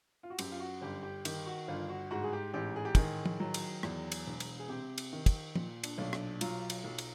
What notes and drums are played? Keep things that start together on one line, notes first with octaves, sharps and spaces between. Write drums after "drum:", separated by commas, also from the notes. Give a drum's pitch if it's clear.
F4
F#4
F#2 G4, drum: cymbal
F4
F#4
G1 G4
G4
D#3 G4, drum: cymbal
F#4
G1 F4
F#4
G#2 F#4
G#4
G4
A1 G4
G#4
G4
D#3 G#4, drum: kick, cymbal
drum: tom
F#3
drum: cymbal
E2, drum: rim click
drum: cymbal
E1
drum: cymbal
G#4
C3 G4
drum: cymbal
D#3
drum: kick, cymbal
A#2, drum: tom
D4, drum: cymbal
B1
D4, drum: rim click
F#3 F4, drum: cymbal
drum: cymbal
B1
drum: cymbal